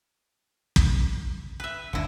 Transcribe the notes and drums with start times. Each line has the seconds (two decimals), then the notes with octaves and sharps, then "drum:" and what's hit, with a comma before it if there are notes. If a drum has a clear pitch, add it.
0.76 drum: kick
1.60 B4 E5
1.93 G1 D#2 D3 E4